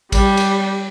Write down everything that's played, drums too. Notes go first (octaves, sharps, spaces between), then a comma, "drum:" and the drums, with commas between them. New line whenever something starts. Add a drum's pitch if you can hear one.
G3, drum: kick A1, cymbal
drum: cymbal